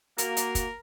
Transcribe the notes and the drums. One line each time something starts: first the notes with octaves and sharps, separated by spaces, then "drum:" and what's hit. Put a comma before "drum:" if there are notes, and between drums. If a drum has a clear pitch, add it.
A#3 F#4 A#4, drum: hi-hat
drum: hi-hat
drum: kick, hi-hat